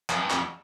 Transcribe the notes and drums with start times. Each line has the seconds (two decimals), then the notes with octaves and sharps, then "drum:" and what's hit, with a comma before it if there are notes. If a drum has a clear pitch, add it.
0.10 F2, drum: clap
0.20 G2
0.30 F2, drum: clap